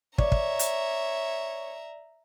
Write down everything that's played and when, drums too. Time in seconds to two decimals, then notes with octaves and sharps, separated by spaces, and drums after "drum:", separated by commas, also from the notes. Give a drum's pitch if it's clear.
0.18 C#5 D5 E5 A#5, drum: kick
0.32 drum: kick
0.59 drum: hi-hat